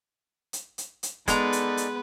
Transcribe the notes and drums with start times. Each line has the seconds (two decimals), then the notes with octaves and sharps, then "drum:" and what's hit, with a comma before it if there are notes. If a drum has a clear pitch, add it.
0.53 drum: hi-hat
0.78 drum: hi-hat
1.03 drum: hi-hat
1.28 G#3 B3 D#4 A4 B4 D5 A#5, drum: kick, hi-hat
1.53 drum: hi-hat
1.77 drum: hi-hat